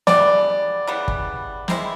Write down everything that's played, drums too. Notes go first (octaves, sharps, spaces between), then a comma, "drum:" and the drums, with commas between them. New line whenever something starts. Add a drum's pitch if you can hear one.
C#3 E3 G3 B3 D5, drum: snare
C#3 E3 G3 B3
drum: kick
D#3 G#3 C4 E4, drum: snare